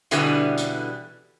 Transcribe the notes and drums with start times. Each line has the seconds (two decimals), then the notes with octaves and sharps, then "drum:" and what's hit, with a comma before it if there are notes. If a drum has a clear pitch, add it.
0.11 B2 D3 E3 G3, drum: hi-hat
0.58 drum: hi-hat